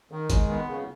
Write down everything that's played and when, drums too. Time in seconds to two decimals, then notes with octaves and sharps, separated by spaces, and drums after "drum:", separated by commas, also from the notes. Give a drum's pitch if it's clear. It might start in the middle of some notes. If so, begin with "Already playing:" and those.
0.12 D#3
0.30 G#3, drum: kick, hi-hat
0.49 B3
0.68 C#3